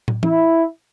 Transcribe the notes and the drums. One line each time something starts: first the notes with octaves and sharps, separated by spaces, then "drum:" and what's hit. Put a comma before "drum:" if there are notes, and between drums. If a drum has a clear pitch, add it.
drum: tom
E4, drum: tom E3